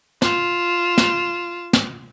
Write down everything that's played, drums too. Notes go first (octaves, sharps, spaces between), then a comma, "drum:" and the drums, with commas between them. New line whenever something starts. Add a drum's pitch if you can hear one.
F4 E7, drum: snare
drum: snare
drum: snare